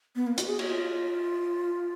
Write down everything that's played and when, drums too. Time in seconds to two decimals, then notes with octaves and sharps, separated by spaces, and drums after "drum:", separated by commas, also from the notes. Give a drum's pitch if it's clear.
0.16 B3
0.27 A#3
0.38 F#4, drum: hi-hat
0.48 G#4
0.59 F#4, drum: cymbal
0.70 F4